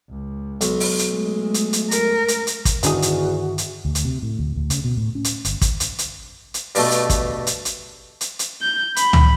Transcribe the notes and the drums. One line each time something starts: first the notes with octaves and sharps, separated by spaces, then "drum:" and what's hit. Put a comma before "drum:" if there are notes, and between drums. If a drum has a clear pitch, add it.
C#2
B1, drum: hi-hat
drum: open hi-hat
drum: hi-hat
G#3 A3
drum: hi-hat
drum: hi-hat
A#4, drum: hi-hat
drum: hi-hat
drum: hi-hat
drum: kick, hi-hat
E2 G2 D3 D#3 D4 D#4 F#4 G#4, drum: hi-hat
drum: hi-hat
drum: hi-hat
D2
drum: hi-hat
C3
A2
D2
D2
C#3, drum: hi-hat
B2
A2
C#4
drum: hi-hat
G1, drum: hi-hat
drum: kick, hi-hat
drum: hi-hat
drum: hi-hat
drum: hi-hat
G2 B2 A3, drum: open hi-hat
drum: hi-hat
drum: kick, hi-hat
drum: hi-hat
drum: hi-hat
drum: hi-hat
drum: hi-hat
G6
B5, drum: hi-hat
drum: tom C#2